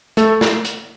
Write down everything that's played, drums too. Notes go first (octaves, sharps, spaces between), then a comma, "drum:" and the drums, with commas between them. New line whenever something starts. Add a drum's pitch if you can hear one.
A3 A4, drum: hi-hat
drum: snare
drum: hi-hat